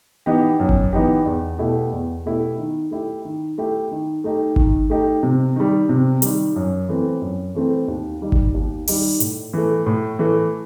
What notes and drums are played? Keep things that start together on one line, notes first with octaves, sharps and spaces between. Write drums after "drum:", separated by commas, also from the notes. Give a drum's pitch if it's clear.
E3 B3 D#4 G4
F#2
drum: kick G#1
E3 B3 D#4 G4
E2
B2 A3 E4 G4
E2
B2 A3 E4 G4
D#3
A3 E4 G4
D#3
A3 E4 G4
D#3
A3 D#4 G4
D#3, drum: kick G#1
A3 D#4 G4
C3
D#3 G3
C3
D#3 G3, drum: hi-hat
F#2
E3 A3 C4
F#2
E3 A3 C4
D#2
D#3 G3 D#4
drum: kick G#1
D#2
D#3 G3 D#4, drum: open hi-hat
A2, drum: hi-hat
E3 A3
A2
E3 A3